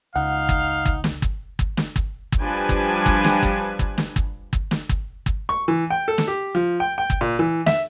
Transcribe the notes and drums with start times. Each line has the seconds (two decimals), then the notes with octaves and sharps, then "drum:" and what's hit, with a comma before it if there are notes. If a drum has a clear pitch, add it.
0.16 C#2 D#4 F5 F#5
0.49 drum: kick
0.86 drum: kick
1.04 drum: snare
1.22 drum: kick
1.59 drum: kick
1.77 drum: snare
1.96 drum: kick
2.32 drum: kick
2.42 F3 G3 D4 G4 B4 G#5
2.69 drum: kick
3.06 drum: kick
3.24 drum: snare
3.43 drum: kick
3.79 drum: kick
3.98 drum: snare
4.16 drum: kick
4.53 drum: kick
4.71 drum: snare
4.89 drum: kick
5.26 drum: kick
5.49 C#6
5.68 E3
5.90 G5
6.08 A4
6.18 drum: snare
6.27 G4
6.55 F3
6.80 G5
6.98 G5
7.10 drum: kick
7.21 A#2
7.39 E3
7.66 E5, drum: snare